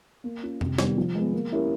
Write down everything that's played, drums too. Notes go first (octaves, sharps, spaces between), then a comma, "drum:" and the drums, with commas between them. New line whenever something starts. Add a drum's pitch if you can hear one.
A#3
C#4 F4
C3, drum: tom F2
D#3 G3 B3, drum: snare
F3
G#3 B3
A#3
C#4 E4 G4 A#4